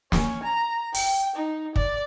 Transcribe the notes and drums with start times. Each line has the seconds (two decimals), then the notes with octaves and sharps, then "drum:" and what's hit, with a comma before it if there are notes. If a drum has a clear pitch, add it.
0.12 C#4, drum: snare
0.44 A#5
0.95 G5, drum: open hi-hat
1.36 D#4
1.76 D5, drum: kick